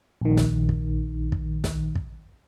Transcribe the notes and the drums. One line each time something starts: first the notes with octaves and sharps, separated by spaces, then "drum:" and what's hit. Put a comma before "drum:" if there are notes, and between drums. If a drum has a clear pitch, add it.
A#1 D#3
drum: snare
drum: kick
drum: kick
drum: snare
drum: kick